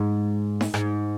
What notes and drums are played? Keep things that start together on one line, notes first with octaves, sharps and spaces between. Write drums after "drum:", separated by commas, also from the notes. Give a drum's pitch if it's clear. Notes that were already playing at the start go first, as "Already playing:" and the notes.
Already playing: G#2
drum: snare
G#2, drum: rim click